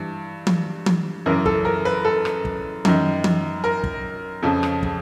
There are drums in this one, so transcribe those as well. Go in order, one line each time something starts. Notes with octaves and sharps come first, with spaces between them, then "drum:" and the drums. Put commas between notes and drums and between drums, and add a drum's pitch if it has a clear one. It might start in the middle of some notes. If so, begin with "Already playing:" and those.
Already playing: G2 E3
drum: tom E3
drum: tom E3
F#2 C#3 E3 A#4
A4, drum: kick
A#4
B4
A4
drum: rim click
drum: kick
F#2 D#3, drum: tom E3
drum: tom E3
A#4
drum: kick
F2 C#3 F3
drum: rim click
drum: kick